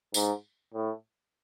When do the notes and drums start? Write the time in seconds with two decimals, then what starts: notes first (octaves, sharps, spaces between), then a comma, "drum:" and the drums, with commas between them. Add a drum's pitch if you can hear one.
0.14 G#2, drum: tambourine
0.74 A2